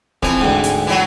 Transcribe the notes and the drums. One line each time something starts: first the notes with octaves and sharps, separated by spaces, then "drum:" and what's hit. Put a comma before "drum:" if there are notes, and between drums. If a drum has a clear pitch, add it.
F2 E3 F3 G#5, drum: kick
D2 G#2 G5
drum: hi-hat
E3 F#3